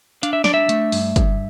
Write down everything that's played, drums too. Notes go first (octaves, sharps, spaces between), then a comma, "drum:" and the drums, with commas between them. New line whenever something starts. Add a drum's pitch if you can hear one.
D4 F5, drum: hi-hat
E5
D4 D5, drum: snare
E5
A3, drum: hi-hat
G2, drum: open hi-hat
G2, drum: kick, hi-hat